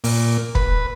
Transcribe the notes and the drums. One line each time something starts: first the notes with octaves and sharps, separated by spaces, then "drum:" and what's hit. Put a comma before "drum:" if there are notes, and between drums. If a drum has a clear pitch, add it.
A#2, drum: open hi-hat
B4, drum: kick